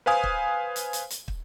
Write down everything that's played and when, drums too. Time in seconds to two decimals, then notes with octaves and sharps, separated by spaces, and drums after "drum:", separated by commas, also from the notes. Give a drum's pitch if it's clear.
0.06 B4 C5 F5 G#5 D#6
0.23 drum: kick
0.76 drum: hi-hat
0.93 drum: hi-hat
1.10 drum: hi-hat
1.28 drum: kick